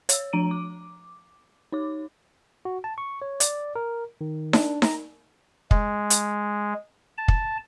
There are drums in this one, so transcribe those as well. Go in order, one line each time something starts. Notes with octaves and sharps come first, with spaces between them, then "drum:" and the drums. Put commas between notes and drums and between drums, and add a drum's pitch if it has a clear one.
C#5 E6, drum: hi-hat
F3 D4 A#5 D7 D#7
D6
D#4 C#5 D6
F#4
A5
C#6
C#5
D5, drum: hi-hat
A#4
D#3
D4, drum: snare D#4
A#5, drum: snare D#4
G#3, drum: kick
drum: hi-hat
A5
drum: kick